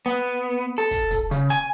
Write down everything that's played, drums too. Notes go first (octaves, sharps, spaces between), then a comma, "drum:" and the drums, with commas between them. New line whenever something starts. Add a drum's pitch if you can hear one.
B3
A4
drum: kick, hi-hat
drum: kick, hi-hat
C#3, drum: hi-hat
G#5, drum: hi-hat